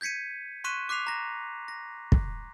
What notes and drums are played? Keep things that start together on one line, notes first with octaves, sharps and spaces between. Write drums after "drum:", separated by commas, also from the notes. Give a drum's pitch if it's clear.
G6 G#6 B6 C#7 D#7
C6 C#6 F#6 B6 D#7 E7
D6 F#6 B6 C7 F7
A#5 A#6
A#6
drum: kick